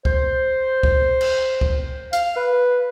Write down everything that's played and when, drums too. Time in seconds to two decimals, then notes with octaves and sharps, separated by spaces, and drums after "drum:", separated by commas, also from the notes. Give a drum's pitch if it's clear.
0.05 C5, drum: kick
0.83 drum: kick
1.21 drum: cymbal
1.61 drum: kick
2.13 F5, drum: hi-hat
2.36 B4